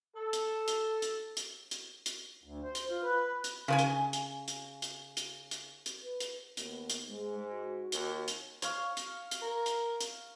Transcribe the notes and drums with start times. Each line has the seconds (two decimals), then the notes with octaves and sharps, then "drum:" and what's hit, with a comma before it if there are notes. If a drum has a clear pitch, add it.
0.16 A4
0.33 drum: hi-hat
0.68 drum: hi-hat
1.02 drum: hi-hat
1.37 drum: hi-hat
1.71 drum: hi-hat
2.06 drum: hi-hat
2.44 D2
2.63 C5
2.75 drum: hi-hat
2.89 F4
3.03 B4
3.44 drum: hi-hat
3.68 C#3 B4 G#5
3.79 drum: hi-hat
4.13 drum: hi-hat
4.48 drum: hi-hat
4.82 drum: hi-hat
5.17 drum: hi-hat
5.51 drum: hi-hat
5.86 drum: hi-hat
6.03 B4
6.20 drum: hi-hat
6.57 D#2 B3, drum: hi-hat
6.90 drum: hi-hat
7.08 G#2 G#3
7.51 F#4
7.92 D#2, drum: hi-hat
8.28 drum: hi-hat
8.62 C#5 F5, drum: hi-hat
8.97 drum: hi-hat
9.31 drum: hi-hat
9.42 A#4
9.66 drum: hi-hat
10.01 drum: hi-hat